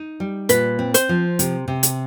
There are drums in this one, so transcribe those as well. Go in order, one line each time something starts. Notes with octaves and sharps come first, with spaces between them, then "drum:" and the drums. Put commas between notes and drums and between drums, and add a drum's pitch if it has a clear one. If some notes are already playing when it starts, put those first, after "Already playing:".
Already playing: D#4
G3
A#2 B4, drum: hi-hat
C4
C5, drum: hi-hat
F3
C3, drum: hi-hat
C3
drum: hi-hat